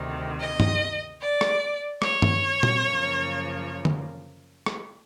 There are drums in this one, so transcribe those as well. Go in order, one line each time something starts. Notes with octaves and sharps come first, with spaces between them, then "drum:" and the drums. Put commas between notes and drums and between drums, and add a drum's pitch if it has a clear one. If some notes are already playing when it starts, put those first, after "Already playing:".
Already playing: D2 C3 D#3
D#5
drum: tom G2
D5
drum: rim click
C#5, drum: rim click
drum: tom G2
drum: tom A#2
F#2 C#3 F3 A#3
drum: tom
drum: rim click